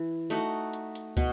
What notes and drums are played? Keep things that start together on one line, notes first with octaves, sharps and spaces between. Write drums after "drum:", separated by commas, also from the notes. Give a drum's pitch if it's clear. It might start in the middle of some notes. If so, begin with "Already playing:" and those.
Already playing: E3
A3 D#4 F#4, drum: hi-hat
drum: hi-hat
drum: hi-hat
B2, drum: kick, hi-hat